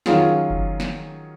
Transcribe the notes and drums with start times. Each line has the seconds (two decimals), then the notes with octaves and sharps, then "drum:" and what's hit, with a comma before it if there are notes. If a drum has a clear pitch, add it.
0.06 D#3 F#3 C#4 F4 G#4, drum: snare
0.50 drum: kick F#1
0.80 drum: snare